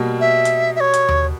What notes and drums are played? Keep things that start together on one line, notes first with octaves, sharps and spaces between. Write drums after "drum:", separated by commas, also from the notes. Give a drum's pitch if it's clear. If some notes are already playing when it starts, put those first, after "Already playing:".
Already playing: B2 G3 A#3
E5
drum: hi-hat
E5
C#5
drum: hi-hat
drum: tom D#2